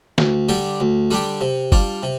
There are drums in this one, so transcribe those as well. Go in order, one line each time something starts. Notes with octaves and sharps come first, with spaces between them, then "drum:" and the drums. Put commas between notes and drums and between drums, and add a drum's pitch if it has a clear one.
D2, drum: snare
D3 G3 D4 G4
D2
D3 G3 D4 G4
C3
G3 D4 F4, drum: kick F#1
C3